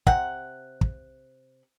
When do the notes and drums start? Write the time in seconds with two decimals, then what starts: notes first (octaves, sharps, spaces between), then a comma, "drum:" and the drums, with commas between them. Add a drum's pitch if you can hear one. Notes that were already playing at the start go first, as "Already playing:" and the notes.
0.07 C3 F#5, drum: kick
0.81 drum: kick